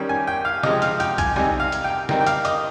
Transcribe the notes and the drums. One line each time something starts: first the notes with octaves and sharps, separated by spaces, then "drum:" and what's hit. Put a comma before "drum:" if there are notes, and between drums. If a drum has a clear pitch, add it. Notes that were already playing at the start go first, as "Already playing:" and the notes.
Already playing: D#3 G3 C#4 G5
G#5
G5
F5
C3 F3 G#3 D#5, drum: snare
F5, drum: hi-hat
G5, drum: hi-hat
G#5, drum: kick B1, hi-hat
C3 G3 C4 D#4 G#5, drum: snare
F5
drum: hi-hat
G5
D#3 G3 C4 D#4 G5, drum: snare
G5
F5, drum: hi-hat
D#5, drum: hi-hat